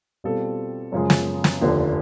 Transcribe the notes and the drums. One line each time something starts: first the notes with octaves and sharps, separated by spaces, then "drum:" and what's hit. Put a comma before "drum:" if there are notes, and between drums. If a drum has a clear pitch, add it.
B2 G3 C4 F4 A4
F#2 C#3 F3 G#3
drum: snare
drum: snare
F1 D#2 D3 F3